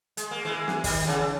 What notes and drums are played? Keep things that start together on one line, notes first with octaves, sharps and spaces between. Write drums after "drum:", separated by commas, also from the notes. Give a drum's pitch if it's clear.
G#3, drum: hi-hat
A#3
E3 G#3
drum: snare
D#3 G3, drum: kick, open hi-hat
C#3 E3